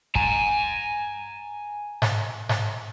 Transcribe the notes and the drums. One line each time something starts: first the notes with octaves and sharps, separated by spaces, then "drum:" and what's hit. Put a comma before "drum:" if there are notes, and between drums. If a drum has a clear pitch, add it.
G#5 A#5, drum: kick
drum: snare G#2
drum: snare G#2